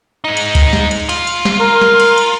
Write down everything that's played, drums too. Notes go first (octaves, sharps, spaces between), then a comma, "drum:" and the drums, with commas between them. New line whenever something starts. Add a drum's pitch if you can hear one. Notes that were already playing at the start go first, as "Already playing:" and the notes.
G#3 D#4
drum: cymbal
drum: kick C#2, cymbal
drum: snare
drum: cymbal
F4, drum: cymbal
drum: cymbal
drum: snare
A#4
drum: snare
drum: cymbal
drum: cymbal